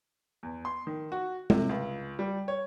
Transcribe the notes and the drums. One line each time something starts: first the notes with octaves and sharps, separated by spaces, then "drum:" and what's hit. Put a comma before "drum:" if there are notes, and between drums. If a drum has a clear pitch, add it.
E2
C6
D#3
F#4
C3, drum: tom
C#2
G3
C#5